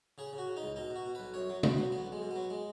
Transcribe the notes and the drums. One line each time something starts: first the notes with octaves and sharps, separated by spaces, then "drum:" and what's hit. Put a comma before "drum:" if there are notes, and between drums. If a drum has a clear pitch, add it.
C#3 G#4
C#3
F#4
C#3
D#4
C#2
B2 D#4
B2
F#4
B2
B1 B4
F#2 C#5
F#3
F#3 B3, drum: tom
F#3
B1 B3
B1
G#3
B2
F#3 B3
G#3